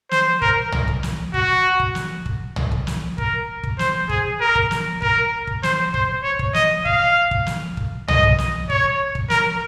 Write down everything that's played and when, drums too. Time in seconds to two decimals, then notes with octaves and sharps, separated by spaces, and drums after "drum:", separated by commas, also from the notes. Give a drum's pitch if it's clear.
0.11 C5, drum: snare
0.42 A#4, drum: kick
0.72 drum: tom
0.88 drum: kick
1.03 drum: snare
1.34 F#4, drum: kick
1.80 drum: kick
1.95 drum: snare
2.26 drum: kick
2.56 drum: tom
2.72 drum: kick
2.87 drum: snare
3.18 A#4, drum: kick
3.63 drum: kick
3.79 C5, drum: snare
4.09 G#4, drum: kick
4.40 A#4
4.55 drum: kick
4.71 drum: snare
5.02 A#4, drum: kick
5.47 drum: kick
5.63 C5, drum: snare
5.94 C5, drum: kick
6.23 C#5
6.39 drum: kick
6.54 D#5, drum: snare
6.85 F5, drum: kick
7.31 drum: kick
7.46 drum: snare
7.77 drum: kick
8.08 D#5, drum: tom
8.23 drum: kick
8.38 drum: snare
8.70 C#5, drum: kick
9.15 drum: kick
9.30 A#4, drum: snare